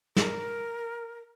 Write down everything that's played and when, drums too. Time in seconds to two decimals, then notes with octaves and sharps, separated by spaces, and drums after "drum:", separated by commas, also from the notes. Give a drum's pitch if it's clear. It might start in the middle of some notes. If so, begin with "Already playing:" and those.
0.16 A#4, drum: snare